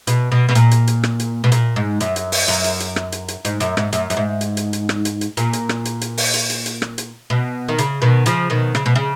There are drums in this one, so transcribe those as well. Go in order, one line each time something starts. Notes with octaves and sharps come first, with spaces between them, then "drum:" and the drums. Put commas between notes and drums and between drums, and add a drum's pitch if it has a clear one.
B2, drum: hi-hat
B2
B2
A#2, drum: hi-hat
drum: hi-hat
drum: hi-hat
drum: rim click
drum: hi-hat
B2
A#2, drum: hi-hat
G#2
F#2, drum: hi-hat
drum: hi-hat
drum: open hi-hat
F#2, drum: hi-hat
drum: hi-hat
drum: hi-hat
drum: rim click
drum: hi-hat
drum: hi-hat
G#2, drum: hi-hat
F#2, drum: hi-hat
G#2, drum: rim click
F#2, drum: hi-hat
F#2, drum: hi-hat
G#2
drum: hi-hat
drum: hi-hat
drum: hi-hat
drum: rim click
drum: hi-hat
drum: hi-hat
A#2, drum: hi-hat
drum: hi-hat
drum: rim click
drum: hi-hat
drum: hi-hat
drum: open hi-hat
drum: hi-hat
drum: hi-hat
drum: hi-hat
drum: rim click
drum: hi-hat
B2
D#3
C#3, drum: hi-hat
B2 D#3
C#3 F3, drum: hi-hat
B2 D#3
C#3, drum: rim click
B2
C#3